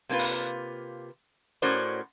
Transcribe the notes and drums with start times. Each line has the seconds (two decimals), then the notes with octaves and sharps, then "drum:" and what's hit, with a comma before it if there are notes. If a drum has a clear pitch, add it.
0.09 C3 A#3 C#4 F4 B4
0.19 drum: open hi-hat
1.62 A2 C#4 F#4 A#4 C5 D5